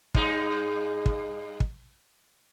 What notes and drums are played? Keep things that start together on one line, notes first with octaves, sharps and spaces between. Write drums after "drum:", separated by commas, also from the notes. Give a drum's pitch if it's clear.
G2 D#4 G#4, drum: kick
drum: kick
drum: kick